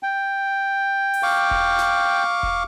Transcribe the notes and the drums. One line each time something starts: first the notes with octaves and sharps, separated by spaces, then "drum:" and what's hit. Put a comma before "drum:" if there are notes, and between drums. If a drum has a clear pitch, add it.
G5
drum: open hi-hat
F5 C#6 D6
drum: kick E1
drum: snare
drum: kick E1